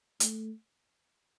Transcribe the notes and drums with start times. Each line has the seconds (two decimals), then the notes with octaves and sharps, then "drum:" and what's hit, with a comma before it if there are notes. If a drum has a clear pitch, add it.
0.20 A3, drum: hi-hat